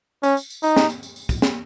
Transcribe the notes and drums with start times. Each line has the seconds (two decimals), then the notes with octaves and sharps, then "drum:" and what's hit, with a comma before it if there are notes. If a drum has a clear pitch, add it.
0.23 C#4, drum: tambourine
0.37 drum: tambourine
0.50 drum: tambourine
0.63 D#4, drum: tambourine
0.77 drum: snare
0.90 drum: tambourine
1.03 drum: tambourine
1.16 drum: tambourine
1.29 drum: kick, tambourine
1.42 drum: snare